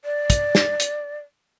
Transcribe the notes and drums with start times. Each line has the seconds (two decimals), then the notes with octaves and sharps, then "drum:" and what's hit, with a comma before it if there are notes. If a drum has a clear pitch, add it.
0.05 D5
0.30 drum: kick, hi-hat
0.55 drum: snare
0.80 drum: hi-hat